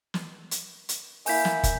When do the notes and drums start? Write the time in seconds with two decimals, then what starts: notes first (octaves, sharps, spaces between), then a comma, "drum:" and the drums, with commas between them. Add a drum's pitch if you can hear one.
0.14 drum: snare
0.51 drum: hi-hat
0.89 drum: hi-hat
1.26 A#3 E4 G#5 G6 B6, drum: open hi-hat
1.45 drum: snare
1.63 drum: kick, hi-hat